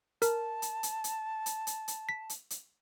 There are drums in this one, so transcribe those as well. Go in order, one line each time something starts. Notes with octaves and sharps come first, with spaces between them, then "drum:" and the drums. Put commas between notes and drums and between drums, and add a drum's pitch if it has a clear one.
A#4 A5, drum: hi-hat
drum: hi-hat
drum: hi-hat
drum: hi-hat
drum: hi-hat
drum: hi-hat
drum: hi-hat
B6
drum: hi-hat
drum: hi-hat